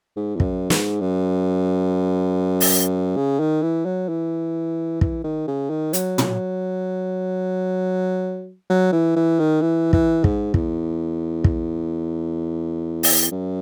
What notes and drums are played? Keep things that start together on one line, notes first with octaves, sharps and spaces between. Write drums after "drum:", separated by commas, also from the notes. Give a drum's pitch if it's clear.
G#2
E2
F#2, drum: kick
G#2, drum: snare
F#2
drum: open hi-hat
C#3
D#3
E3
F#3
E3
E3, drum: kick
D#3
C#3
D#3
F#3, drum: hi-hat
drum: tom
F#3
E3
E3
D#3
E3
E3, drum: kick
G#2, drum: kick
E2, drum: kick
drum: kick
drum: open hi-hat
F#2